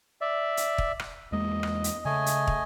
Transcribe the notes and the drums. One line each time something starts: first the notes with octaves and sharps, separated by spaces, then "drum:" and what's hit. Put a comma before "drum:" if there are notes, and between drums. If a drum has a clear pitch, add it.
D5 E5
drum: hi-hat
drum: kick
drum: rim click
E2 G#3 A#3 D#5
drum: rim click
drum: hi-hat
C#3 A3 D#5 G#5
drum: hi-hat
drum: kick